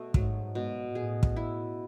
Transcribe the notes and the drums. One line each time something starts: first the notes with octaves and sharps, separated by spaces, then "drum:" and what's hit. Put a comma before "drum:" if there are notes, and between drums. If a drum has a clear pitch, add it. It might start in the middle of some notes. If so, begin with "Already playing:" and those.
Already playing: B2 A3
G#2 F#3, drum: kick
G#2 B2
A2 G#4
drum: kick
E4